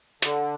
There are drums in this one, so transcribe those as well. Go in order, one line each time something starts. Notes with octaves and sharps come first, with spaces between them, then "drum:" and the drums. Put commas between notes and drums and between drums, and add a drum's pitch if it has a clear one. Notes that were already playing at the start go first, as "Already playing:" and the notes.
D3, drum: hi-hat